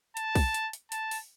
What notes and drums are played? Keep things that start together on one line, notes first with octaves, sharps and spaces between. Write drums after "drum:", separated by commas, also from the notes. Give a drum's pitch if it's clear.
A5, drum: hi-hat
drum: kick, open hi-hat
drum: hi-hat
drum: hi-hat
A5, drum: hi-hat
drum: open hi-hat